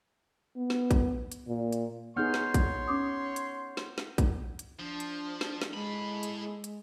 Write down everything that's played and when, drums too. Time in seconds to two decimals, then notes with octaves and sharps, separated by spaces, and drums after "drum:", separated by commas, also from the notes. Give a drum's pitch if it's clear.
0.57 B3
0.70 drum: snare
0.91 drum: kick, hi-hat
1.32 drum: hi-hat
1.47 A#2
1.72 drum: hi-hat
2.17 B3 D#4 G#4 C#5 F#5 C6 F6 G6
2.34 drum: snare
2.54 drum: kick, hi-hat
2.88 C#4 D6 D#6
3.36 drum: hi-hat
3.77 drum: snare
3.98 drum: snare
4.18 drum: kick, hi-hat
4.59 drum: hi-hat
4.80 F3 D4
5.00 drum: hi-hat
5.41 drum: snare
5.62 drum: snare
5.73 A2 G#3 B5
6.23 drum: hi-hat
6.64 drum: hi-hat